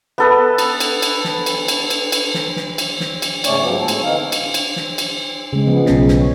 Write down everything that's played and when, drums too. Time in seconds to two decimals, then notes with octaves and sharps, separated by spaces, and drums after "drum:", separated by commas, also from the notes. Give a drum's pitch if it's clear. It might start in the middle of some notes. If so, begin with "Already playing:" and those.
0.18 B3 A4 B4
0.58 drum: cymbal
0.80 drum: cymbal
1.02 drum: cymbal
1.24 drum: snare
1.46 drum: cymbal
1.68 drum: cymbal
1.90 drum: cymbal
2.12 drum: cymbal
2.34 drum: snare
2.56 drum: snare
2.78 drum: cymbal
3.00 drum: snare
3.22 drum: cymbal
3.44 G#2 C#3 A3 C#4 C#5 D5, drum: cymbal
3.60 D2 G#2 F3 F#3 B3
3.78 A2 G#3 A4
3.88 drum: cymbal
4.03 D3 E3 C4 D#4 F5
4.32 drum: cymbal
4.54 drum: cymbal
4.76 drum: snare
4.98 drum: cymbal
5.53 C#3 G#3
5.67 F3 B3
5.86 B1 C#3, drum: snare
6.08 drum: snare
6.20 C#5